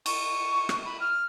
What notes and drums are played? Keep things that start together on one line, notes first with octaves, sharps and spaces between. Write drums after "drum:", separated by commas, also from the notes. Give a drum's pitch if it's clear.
C#6, drum: cymbal
drum: rim click
B5
F6